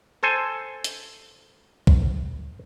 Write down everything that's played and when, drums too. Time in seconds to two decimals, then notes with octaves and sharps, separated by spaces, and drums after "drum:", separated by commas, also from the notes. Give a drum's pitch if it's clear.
0.23 A4 C5 G#5
0.84 drum: hi-hat
1.87 drum: kick B1